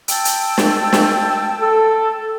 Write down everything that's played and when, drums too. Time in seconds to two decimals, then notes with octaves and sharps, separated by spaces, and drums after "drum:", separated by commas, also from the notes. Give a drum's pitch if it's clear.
0.08 G5 A5 E6, drum: hi-hat
0.25 drum: hi-hat
0.58 drum: snare
0.93 drum: snare
1.60 A4